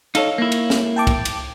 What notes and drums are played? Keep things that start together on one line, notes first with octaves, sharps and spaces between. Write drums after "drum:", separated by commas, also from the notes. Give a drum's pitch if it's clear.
D#4 A4 C#5 F5, drum: cymbal
A#3 E4
drum: cymbal
drum: snare
G5 A5 D6
drum: kick, cymbal
drum: cymbal